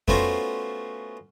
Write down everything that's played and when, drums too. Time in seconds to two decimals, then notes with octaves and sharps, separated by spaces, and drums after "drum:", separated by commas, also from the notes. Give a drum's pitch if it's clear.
0.08 A3 B3 C#4 F4 F#4 C5, drum: kick F2